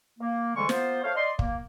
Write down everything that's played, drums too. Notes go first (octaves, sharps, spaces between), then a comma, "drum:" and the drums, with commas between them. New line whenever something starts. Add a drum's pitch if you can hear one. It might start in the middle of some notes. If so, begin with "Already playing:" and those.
A#3
G#2 D3 E3 G3 G#3 C#6
A#3 B3 F4 C5, drum: snare
A3 C5 C#5 F5
D5 D#5 C6
A#3, drum: kick